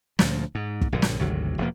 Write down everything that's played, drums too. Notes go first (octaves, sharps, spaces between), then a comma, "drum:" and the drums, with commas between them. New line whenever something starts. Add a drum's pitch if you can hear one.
D2 A#2 F3, drum: snare
G#2
drum: kick
A#1 G2 D3
drum: snare
G#1 D2 C3 F#3
E1 G2 F3 A#3